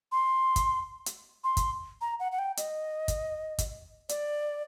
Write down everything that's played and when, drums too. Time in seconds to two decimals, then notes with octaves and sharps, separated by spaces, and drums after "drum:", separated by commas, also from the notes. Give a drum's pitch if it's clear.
0.12 C6
0.56 drum: kick, hi-hat
1.06 drum: hi-hat
1.44 C6
1.57 drum: kick, hi-hat
2.01 A#5
2.20 F#5
2.32 F#5
2.39 G5
2.57 D#5, drum: hi-hat
3.08 drum: kick, hi-hat
3.58 drum: kick, hi-hat
4.09 D5, drum: hi-hat